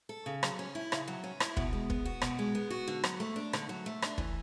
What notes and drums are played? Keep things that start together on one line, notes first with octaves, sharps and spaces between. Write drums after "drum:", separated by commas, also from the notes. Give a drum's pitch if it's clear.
A4
C#3
F#3, drum: rim click
C#4
E4
C#3, drum: rim click
F#3
C#4
E4, drum: rim click
B2, drum: kick
G#3
B3, drum: kick
F#4
B2, drum: rim click
G#3
B3
F#4
D3
F#3, drum: rim click
A3
D4
D3, drum: rim click
F#3
A3
D4, drum: rim click
E3, drum: kick